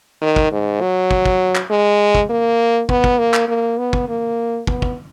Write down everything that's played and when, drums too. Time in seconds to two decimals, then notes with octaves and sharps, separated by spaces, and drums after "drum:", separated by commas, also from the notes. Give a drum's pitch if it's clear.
0.21 D#3
0.36 drum: kick
0.52 G#2
0.81 F#3
1.11 drum: kick
1.25 drum: kick
1.55 drum: clap
1.70 G#3
2.15 drum: kick
2.29 A#3
2.89 B3, drum: kick
3.04 drum: kick
3.18 A#3
3.34 drum: clap
3.48 A#3
3.78 B3
3.93 drum: kick
4.08 A#3
4.67 B3, drum: kick
4.82 drum: kick